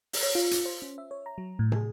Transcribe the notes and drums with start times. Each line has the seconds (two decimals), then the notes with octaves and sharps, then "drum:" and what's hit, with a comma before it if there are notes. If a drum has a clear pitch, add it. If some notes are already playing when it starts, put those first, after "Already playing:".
0.13 drum: open hi-hat
0.23 C#5
0.35 F4
0.51 drum: hi-hat
0.66 C5
0.82 C#4
0.98 E5
1.11 C#5
1.26 A#5
1.38 F#3
1.59 A2
1.72 G#4, drum: tom